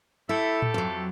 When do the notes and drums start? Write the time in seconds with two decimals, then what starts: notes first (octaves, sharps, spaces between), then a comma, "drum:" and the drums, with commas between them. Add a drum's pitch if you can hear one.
0.29 A3 E4 G4 A4
0.62 drum: tom A2
0.74 F2 F#3